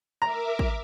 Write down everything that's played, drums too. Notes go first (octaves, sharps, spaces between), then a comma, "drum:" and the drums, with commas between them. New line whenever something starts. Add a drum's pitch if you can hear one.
A#4 E5 A#5 D6
drum: kick